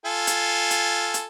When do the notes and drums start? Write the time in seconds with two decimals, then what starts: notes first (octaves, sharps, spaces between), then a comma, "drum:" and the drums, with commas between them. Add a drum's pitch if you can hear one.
0.05 F4 A4 G#5
0.27 drum: hi-hat
0.70 drum: hi-hat
1.14 drum: hi-hat